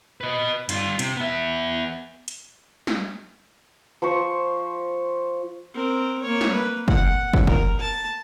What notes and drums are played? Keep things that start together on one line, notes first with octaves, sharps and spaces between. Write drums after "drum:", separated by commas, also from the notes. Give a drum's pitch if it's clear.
B4 D#5
G2 F4, drum: hi-hat
C3, drum: hi-hat
B3 E5
drum: hi-hat
drum: snare
F3 C5 C#6
C4 A#4
A#3 C#5
drum: snare
A#3 B4
F#5, drum: kick
drum: kick
A#4, drum: kick
A5